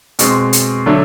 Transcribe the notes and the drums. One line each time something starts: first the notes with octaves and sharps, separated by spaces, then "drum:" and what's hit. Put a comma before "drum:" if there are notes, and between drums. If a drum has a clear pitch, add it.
B2 G#3 C4, drum: hi-hat
drum: hi-hat
D3 F#3 A3 D4